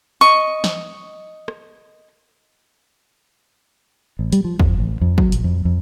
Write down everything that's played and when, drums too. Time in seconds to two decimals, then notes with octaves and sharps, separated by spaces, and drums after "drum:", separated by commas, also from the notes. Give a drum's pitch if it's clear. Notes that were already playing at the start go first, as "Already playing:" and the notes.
0.21 D#5 C#6
0.64 drum: snare
1.48 drum: rim click
4.19 A1
4.32 G3, drum: hi-hat
4.44 F3
4.60 F2, drum: kick
4.78 A1
5.01 F2
5.18 F#3, drum: kick
5.32 A#1, drum: hi-hat
5.44 F2
5.65 F2